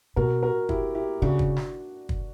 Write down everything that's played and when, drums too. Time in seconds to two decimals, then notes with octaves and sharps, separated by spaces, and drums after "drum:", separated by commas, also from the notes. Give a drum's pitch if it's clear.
0.16 B2 F#4 A#4
0.43 F#4 A#4
0.69 E4 G4, drum: kick
0.95 E4 G4
1.22 C#3 D4 F#4
1.39 drum: kick
1.57 drum: snare
2.09 drum: kick